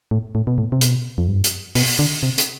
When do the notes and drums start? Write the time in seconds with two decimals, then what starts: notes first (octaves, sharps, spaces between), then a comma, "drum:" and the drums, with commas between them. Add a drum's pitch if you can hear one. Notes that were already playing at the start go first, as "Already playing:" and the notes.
0.11 A2
0.35 A2
0.47 B2
0.58 A2
0.72 C3
0.81 B2, drum: hi-hat
1.18 F2
1.28 G2
1.44 drum: hi-hat
1.75 B2, drum: open hi-hat
1.99 D3
2.23 C3
2.38 drum: hi-hat